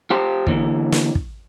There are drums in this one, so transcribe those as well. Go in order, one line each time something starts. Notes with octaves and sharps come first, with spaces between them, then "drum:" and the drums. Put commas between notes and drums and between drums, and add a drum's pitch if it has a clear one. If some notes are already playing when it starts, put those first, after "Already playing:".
F4 G4 C5
D3 E3 A#3, drum: kick
drum: snare
drum: kick